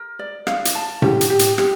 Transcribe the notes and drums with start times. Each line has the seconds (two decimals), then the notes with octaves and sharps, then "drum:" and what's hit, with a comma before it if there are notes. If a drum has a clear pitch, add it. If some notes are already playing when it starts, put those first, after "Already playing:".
Already playing: A#4
0.19 D5
0.47 F5, drum: rim click
0.65 drum: hi-hat
0.75 A5
1.02 G4, drum: tom A2
1.21 drum: hi-hat
1.30 G4
1.39 drum: hi-hat
1.58 G4, drum: rim click